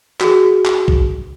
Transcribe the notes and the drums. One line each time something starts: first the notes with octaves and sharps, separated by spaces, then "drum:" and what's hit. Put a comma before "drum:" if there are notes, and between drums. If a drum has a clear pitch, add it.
F#4 G#4, drum: clap
drum: clap
drum: kick B1